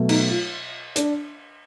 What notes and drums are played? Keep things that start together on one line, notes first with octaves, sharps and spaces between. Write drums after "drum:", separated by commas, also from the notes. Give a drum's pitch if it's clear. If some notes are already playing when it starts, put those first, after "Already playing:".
Already playing: B2 F#3 A3
D#4, drum: cymbal
F4
D4, drum: hi-hat